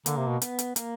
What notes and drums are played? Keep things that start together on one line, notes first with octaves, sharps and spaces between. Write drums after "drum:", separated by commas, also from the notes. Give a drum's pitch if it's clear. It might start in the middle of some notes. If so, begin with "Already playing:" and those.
D3 A#3, drum: hi-hat
C3
B2
B3, drum: hi-hat
drum: hi-hat
A#3, drum: hi-hat